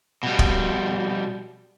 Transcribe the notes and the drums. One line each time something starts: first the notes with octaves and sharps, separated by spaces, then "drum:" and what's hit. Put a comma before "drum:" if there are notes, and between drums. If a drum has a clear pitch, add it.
B2 G3
drum: kick